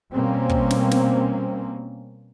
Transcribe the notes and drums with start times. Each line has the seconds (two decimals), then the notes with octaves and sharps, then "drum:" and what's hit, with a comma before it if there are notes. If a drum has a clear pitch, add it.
0.12 B2 G3 A#3 C4 C#4
0.49 drum: kick
0.71 drum: snare
0.91 drum: snare